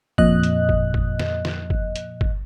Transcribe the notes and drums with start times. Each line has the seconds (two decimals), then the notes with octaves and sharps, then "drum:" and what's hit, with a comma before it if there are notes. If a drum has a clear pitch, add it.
0.18 F2 A#2 D#5 F#6, drum: kick
0.43 drum: hi-hat
0.69 drum: kick
0.94 drum: kick
1.20 drum: snare
1.45 drum: snare
1.70 drum: kick
1.96 drum: hi-hat
2.21 drum: kick